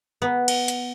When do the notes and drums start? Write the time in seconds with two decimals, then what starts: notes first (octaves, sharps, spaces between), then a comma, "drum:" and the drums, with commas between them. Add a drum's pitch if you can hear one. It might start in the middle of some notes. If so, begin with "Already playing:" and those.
0.22 B3
0.48 drum: cymbal
0.68 drum: hi-hat